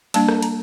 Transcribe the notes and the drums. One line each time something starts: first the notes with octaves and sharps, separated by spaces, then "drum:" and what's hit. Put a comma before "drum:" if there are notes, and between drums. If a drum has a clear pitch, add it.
G3 A#3 D4 A5, drum: cymbal
drum: rim click
A#5, drum: cymbal